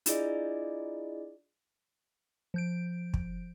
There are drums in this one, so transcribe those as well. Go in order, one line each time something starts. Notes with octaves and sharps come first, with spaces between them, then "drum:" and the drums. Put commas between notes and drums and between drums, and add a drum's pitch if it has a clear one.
D4 E4 F4 G#4 D5 D#5, drum: hi-hat
F3 G6 D7
drum: kick